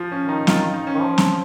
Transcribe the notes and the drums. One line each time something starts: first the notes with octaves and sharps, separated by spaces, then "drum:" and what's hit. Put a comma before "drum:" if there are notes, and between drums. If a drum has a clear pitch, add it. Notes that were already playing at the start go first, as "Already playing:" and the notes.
Already playing: F3
C#4
D#3
D#4
F4, drum: snare
F4
D#4
C#4
D#3
F3
drum: snare